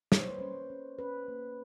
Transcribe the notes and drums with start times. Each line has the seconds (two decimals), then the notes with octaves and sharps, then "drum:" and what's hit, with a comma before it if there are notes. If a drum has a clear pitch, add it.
0.12 A#3 C#5, drum: snare
0.20 C5
0.29 B4
0.38 C#4 C5
0.70 C#4
0.99 C#4 B4
1.28 A#3